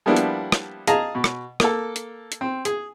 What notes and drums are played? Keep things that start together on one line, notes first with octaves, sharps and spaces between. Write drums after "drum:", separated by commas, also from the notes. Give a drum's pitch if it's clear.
F3 G3 A#3 B3 D4 E4
drum: hi-hat
drum: rim click
G#4 D#5 F5 A5 A#5, drum: hi-hat
B2
drum: rim click
A#3 A4, drum: rim click
drum: hi-hat
drum: hi-hat
C4
G#4, drum: hi-hat